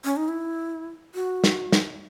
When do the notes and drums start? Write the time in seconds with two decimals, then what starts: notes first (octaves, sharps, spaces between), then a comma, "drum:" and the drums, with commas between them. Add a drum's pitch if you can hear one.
0.04 C#4
0.16 D#4
0.28 E4
1.15 F#4
1.44 drum: snare
1.72 drum: snare